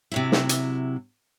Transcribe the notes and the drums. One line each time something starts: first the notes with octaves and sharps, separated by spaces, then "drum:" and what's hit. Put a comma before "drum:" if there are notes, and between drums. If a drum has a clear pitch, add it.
C3 F#3 E4
drum: snare
drum: hi-hat